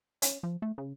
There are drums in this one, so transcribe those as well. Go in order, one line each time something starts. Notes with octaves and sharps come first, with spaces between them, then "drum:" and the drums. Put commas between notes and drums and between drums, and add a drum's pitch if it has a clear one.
C#4, drum: hi-hat
F3
A3
C#3